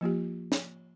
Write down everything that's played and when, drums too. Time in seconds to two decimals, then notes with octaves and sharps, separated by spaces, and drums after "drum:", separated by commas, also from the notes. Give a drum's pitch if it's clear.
0.01 F3 A#3 F4 G4
0.52 drum: snare